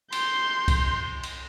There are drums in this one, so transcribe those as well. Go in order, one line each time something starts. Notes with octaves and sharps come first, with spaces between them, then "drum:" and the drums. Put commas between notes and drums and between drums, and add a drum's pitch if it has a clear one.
C6 G6, drum: cymbal
drum: kick C2, cymbal
drum: cymbal